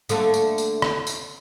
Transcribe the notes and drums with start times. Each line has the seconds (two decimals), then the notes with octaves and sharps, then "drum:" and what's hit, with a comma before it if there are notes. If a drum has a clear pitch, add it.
0.09 D3 A3 A#3, drum: tambourine
0.34 drum: tambourine
0.58 drum: tambourine
0.82 drum: rim click
1.07 drum: tambourine